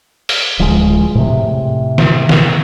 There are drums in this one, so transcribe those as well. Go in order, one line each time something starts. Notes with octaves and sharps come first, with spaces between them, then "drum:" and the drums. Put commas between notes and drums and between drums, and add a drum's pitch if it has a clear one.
drum: open hi-hat
D1 F3 F#3 G#3
A2 C3
drum: snare
drum: snare